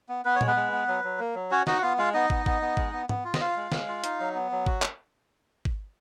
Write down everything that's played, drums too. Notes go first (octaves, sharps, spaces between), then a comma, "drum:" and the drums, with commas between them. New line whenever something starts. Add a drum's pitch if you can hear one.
B3
B3 B4
C#5
G#3, drum: tom A#2
B3 B4
G#3
B3
F#3
F#3
A#3
F#3
C#4 F#4 C#5
D#4 F#4 D#5, drum: snare
F#5
B3 F4 F5
G#3 F4 F5
B3 D#4 D#5
B3, drum: kick
B3, drum: kick
B3
G#3, drum: kick
B3
B3, drum: tom
F4
D#5, drum: snare
F4 F5
G#3
G#3, drum: snare
F4
D#4, drum: hi-hat
F#3
B3
F#3
F#4, drum: kick
drum: clap
drum: kick